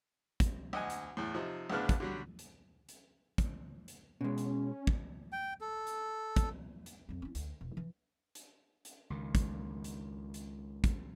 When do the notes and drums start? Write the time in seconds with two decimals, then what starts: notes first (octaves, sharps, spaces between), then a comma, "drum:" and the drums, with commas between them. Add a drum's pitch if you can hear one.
0.40 drum: kick, hi-hat
0.73 D2 D#5 F#5 G#5
0.90 drum: hi-hat
1.17 E2 A2
1.34 C3 F3 D#4
1.70 D2 A2 C#3 B3 D4 F6
1.89 drum: kick, hi-hat
2.00 D3 F#3 G3
2.39 drum: hi-hat
2.89 drum: hi-hat
3.38 drum: kick, hi-hat
3.88 drum: hi-hat
4.21 B2 G#3 C#4
4.38 drum: hi-hat
4.87 drum: kick
5.32 G5
5.61 A4
5.87 drum: hi-hat
6.36 drum: kick, hi-hat
6.86 drum: hi-hat
7.09 F2 F#3
7.22 C#4 E4
7.35 D2, drum: hi-hat
7.61 E1
7.77 E3
8.35 drum: hi-hat
8.85 drum: hi-hat
9.10 C#2 D#3
9.35 drum: kick, hi-hat
9.84 drum: hi-hat
10.34 drum: hi-hat
10.84 drum: kick, hi-hat